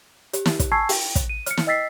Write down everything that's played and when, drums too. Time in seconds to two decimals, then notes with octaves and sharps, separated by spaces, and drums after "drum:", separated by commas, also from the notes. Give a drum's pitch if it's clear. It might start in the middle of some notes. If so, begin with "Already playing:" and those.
0.33 G4, drum: hi-hat
0.46 drum: snare
0.60 drum: kick, hi-hat
0.72 G#5 A5 C#6 E6 G#6 C7
0.89 G5, drum: open hi-hat
1.15 drum: kick, hi-hat
1.29 D#7
1.46 F6 C#7, drum: hi-hat
1.57 drum: snare
1.67 D#5 G5 E6 A6 B6 C7